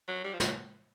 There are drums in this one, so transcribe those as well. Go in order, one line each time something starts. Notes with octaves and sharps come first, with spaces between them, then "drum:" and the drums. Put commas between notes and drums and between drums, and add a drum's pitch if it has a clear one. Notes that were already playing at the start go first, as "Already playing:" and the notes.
F#3
G3
F3
F#3, drum: snare